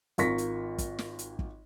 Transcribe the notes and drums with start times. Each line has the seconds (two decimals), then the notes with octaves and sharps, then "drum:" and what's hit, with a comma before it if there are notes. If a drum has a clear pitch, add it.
0.18 G#1 F4 A#4 C#6 A#6 B6, drum: hi-hat
0.38 drum: hi-hat
0.78 drum: kick, hi-hat
0.99 drum: snare
1.19 drum: hi-hat
1.39 drum: kick